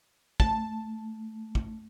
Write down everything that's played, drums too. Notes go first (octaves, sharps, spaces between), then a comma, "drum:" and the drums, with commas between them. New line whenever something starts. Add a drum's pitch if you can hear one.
A3 A5, drum: kick
drum: kick